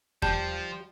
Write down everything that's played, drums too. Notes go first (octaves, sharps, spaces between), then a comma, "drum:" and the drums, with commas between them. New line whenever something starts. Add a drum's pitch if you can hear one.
F3 G3 A5 G6, drum: kick E2